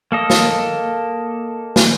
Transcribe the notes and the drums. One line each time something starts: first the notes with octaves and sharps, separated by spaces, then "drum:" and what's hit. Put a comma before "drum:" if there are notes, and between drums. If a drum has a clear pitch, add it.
A#3 A4 D#5
drum: snare
drum: snare